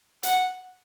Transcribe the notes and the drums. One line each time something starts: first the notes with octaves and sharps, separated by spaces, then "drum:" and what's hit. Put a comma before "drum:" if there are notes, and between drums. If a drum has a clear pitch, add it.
F#5, drum: hi-hat